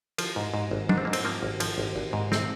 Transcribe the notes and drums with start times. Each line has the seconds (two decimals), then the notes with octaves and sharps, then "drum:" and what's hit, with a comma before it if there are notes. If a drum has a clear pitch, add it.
0.18 F3 F4, drum: cymbal
0.36 G#2
0.54 G#2
0.71 G#1
0.89 G#2 D4, drum: tom F#3
0.98 C4
1.05 G#2 A#3
1.13 C4, drum: cymbal
1.25 F3 A#3
1.43 G#1
1.60 F3, drum: cymbal
1.78 G#1
1.96 G#1
2.13 G#2
2.32 C4, drum: snare